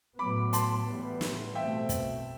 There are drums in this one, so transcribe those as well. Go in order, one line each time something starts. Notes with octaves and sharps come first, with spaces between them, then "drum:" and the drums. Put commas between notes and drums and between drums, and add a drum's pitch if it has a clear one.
A2 F#3 B3 B5 D6
A5 C6, drum: hi-hat
A2 E3 G3 B3
drum: snare
B2 A3 C4 E5 G5
drum: kick, hi-hat